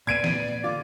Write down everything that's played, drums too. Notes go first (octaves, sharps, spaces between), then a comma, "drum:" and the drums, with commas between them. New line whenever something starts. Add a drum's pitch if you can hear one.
A#2 B3 D5 G#6 D7 D#7
drum: snare
D3 F4 D6